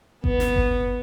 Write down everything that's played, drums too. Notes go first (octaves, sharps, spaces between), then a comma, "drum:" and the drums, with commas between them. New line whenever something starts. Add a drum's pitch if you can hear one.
B3, drum: kick G1
drum: snare
drum: kick G1